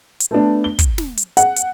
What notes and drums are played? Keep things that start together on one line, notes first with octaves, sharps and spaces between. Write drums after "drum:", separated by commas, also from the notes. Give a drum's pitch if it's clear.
drum: hi-hat
A3 B3 D4
G7
drum: kick, hi-hat
drum: snare
drum: hi-hat
F#5, drum: hi-hat
drum: hi-hat